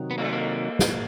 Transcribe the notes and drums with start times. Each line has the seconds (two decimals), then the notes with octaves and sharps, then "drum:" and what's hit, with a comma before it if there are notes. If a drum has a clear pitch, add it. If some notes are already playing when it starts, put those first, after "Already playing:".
Already playing: C3 D#3 F#3
0.11 B3
0.18 A#3, drum: cymbal
0.25 A3
0.32 A#3
0.79 drum: snare